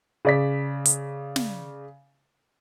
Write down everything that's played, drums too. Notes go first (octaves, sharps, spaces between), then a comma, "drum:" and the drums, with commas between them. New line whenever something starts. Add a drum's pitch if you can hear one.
C#3 D5 B6
drum: hi-hat
drum: snare